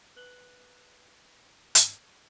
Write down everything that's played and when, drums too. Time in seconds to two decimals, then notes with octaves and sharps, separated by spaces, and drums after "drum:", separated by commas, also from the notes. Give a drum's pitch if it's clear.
0.16 B4 F#6 F#7 G7
1.75 drum: hi-hat